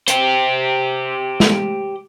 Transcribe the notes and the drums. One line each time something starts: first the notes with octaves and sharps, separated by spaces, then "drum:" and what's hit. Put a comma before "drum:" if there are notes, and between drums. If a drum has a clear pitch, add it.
G4 C5, drum: hi-hat
drum: snare